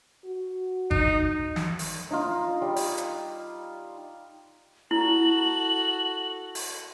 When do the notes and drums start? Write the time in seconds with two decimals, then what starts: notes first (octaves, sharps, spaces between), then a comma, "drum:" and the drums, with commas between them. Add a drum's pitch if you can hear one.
0.25 F#4
0.91 D#4, drum: kick
1.56 drum: snare
1.79 drum: open hi-hat
2.11 D#4 F4
2.62 G3
2.76 drum: open hi-hat
2.98 drum: hi-hat
4.91 E4 F#4 A4 F#7
6.55 drum: open hi-hat